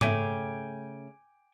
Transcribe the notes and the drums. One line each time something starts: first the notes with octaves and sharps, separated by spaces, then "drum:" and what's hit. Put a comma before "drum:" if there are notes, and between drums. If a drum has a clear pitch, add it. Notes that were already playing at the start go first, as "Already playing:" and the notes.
C#3 A3 G5 G#5 D6, drum: tom G#2